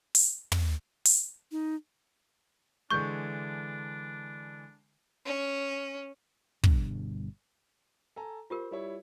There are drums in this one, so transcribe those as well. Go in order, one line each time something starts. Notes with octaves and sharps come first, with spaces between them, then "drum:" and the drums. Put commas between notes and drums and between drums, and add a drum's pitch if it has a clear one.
drum: open hi-hat
drum: tom
drum: open hi-hat
D#4
D3 E3 G#3 D4 C#6 G6
C#4
G1 B2 G3 D4, drum: kick
A4 G#5 A#5
F4 G4 A#4 C5
G3 E4 C#5